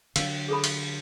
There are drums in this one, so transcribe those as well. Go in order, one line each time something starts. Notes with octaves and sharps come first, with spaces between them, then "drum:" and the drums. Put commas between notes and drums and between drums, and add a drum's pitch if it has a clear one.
D3 F#3 F5 E6, drum: cymbal
G#4 A4 B5
drum: cymbal